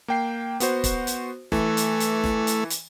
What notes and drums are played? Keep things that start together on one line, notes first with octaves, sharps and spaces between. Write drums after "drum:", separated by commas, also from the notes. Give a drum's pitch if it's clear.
A#3 G5 C7
B3 F#4 C5, drum: hi-hat
drum: kick, hi-hat
drum: hi-hat
E3 A3, drum: snare
drum: hi-hat
drum: hi-hat
drum: snare
drum: hi-hat
drum: hi-hat